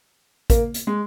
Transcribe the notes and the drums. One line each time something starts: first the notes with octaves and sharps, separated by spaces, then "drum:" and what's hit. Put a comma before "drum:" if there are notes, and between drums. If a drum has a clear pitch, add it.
A#3, drum: kick, hi-hat
drum: hi-hat
G#3